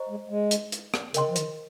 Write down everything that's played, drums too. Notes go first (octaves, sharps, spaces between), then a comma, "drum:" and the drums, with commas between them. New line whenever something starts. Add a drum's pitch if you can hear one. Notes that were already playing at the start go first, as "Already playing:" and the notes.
Already playing: C5 D#5 A#5 C#6
G#3
G#3
drum: hi-hat
drum: hi-hat
drum: rim click
C#3 A#4 D#5 G5 C6, drum: hi-hat
F3
D#3, drum: hi-hat